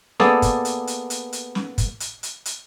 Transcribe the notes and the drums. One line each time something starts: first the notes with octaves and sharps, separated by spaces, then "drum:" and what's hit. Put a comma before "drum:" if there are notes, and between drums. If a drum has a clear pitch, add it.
A#3 B3 G#4 A4 D5, drum: snare
drum: kick, hi-hat
drum: hi-hat
drum: hi-hat
drum: hi-hat
drum: hi-hat
drum: snare
drum: kick, hi-hat
drum: hi-hat
drum: hi-hat
drum: hi-hat